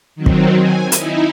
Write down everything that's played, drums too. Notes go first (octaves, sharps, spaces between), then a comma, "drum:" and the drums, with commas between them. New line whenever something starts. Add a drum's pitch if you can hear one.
D#3 F#3 C4
drum: kick
G#5
D#4 E4, drum: hi-hat